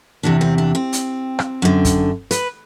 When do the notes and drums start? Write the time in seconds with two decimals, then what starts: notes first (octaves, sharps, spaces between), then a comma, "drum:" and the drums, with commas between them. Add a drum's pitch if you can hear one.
0.23 E2 C3 E3 D4
0.41 C4
0.58 D4
0.75 C4
0.93 drum: hi-hat
1.39 drum: rim click
1.62 F#2 D3
1.85 drum: kick, hi-hat
2.31 B4, drum: hi-hat